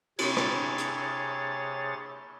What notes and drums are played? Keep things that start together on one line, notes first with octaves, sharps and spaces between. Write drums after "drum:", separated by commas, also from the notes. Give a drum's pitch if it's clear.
C3 G#4 C#5 A6, drum: cymbal
drum: rim click
drum: hi-hat